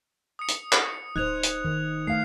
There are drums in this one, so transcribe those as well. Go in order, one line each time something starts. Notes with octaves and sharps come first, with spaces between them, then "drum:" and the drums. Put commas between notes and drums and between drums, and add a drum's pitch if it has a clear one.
D#6 C#7
drum: hi-hat
drum: clap
D1 D#4 C5 F#6 G#6 F7
F7, drum: hi-hat
D#3
A3 F5 C7